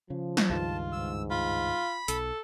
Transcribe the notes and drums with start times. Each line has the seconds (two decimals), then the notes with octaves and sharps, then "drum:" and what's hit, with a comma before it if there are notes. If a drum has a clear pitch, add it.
0.10 C#3 F3
0.37 drum: snare
0.50 C#2 G2 D#3 F4 A5
0.92 G#2 E6
1.30 F4 B5
2.08 B1 A4, drum: hi-hat